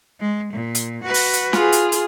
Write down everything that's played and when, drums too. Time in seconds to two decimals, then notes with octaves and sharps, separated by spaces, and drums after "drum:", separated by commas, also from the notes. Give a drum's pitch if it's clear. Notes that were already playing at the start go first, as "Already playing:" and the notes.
0.20 G#3
0.53 A#2
0.75 drum: hi-hat
1.03 F#4 B4
1.14 drum: open hi-hat
1.33 drum: hi-hat
1.53 F4 G#4, drum: snare
1.73 drum: hi-hat
1.92 drum: hi-hat